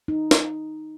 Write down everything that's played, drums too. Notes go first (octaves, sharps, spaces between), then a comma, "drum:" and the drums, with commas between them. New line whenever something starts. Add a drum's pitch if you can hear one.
D#4
drum: snare